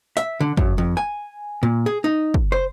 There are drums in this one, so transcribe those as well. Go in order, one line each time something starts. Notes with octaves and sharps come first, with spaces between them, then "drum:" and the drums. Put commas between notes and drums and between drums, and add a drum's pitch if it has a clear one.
E5, drum: hi-hat
D3
F#2, drum: kick
F2
G#5
A#2
G#4
D#4
drum: kick
C5